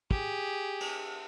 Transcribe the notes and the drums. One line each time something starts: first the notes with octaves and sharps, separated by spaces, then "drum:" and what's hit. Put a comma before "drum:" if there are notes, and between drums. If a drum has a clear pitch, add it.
G4 G#4, drum: kick
drum: cymbal